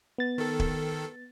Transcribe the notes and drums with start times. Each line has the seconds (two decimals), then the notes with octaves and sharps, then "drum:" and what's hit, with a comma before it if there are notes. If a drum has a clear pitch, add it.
0.18 B3 A6
0.38 D#3 A4
0.59 drum: kick